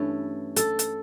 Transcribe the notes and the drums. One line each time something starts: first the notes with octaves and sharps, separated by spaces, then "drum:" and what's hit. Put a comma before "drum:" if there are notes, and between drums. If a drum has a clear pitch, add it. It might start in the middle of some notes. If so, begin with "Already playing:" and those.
Already playing: G2 E3 A3 C#4 A4
A4, drum: hi-hat
drum: hi-hat